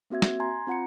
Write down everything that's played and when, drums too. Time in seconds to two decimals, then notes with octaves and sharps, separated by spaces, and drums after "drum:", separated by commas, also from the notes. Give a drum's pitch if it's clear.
0.10 A#3 C4 F#4 E5 G#6
0.22 drum: snare
0.40 G#5 A#5 C6 G#6
0.67 C4 F4 F#5 A#5 C#7